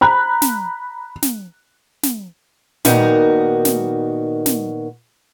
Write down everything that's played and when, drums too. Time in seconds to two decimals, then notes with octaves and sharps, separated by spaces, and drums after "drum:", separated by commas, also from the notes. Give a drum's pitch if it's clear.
0.01 A#5 B5 F#6
0.42 drum: snare
1.22 drum: snare
2.03 drum: snare
2.85 A#2 D#3 B3 D#4 F#4 A#4, drum: snare
3.65 drum: snare
4.46 drum: snare